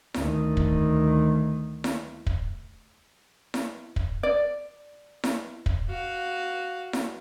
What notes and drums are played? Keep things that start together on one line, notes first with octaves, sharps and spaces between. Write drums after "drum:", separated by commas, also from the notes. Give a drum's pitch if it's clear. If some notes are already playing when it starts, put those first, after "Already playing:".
D2 D#3, drum: snare E4
drum: kick
drum: snare E4
drum: kick
drum: snare E4
drum: kick
D5
drum: snare E4
drum: kick
F#4 F5
drum: snare E4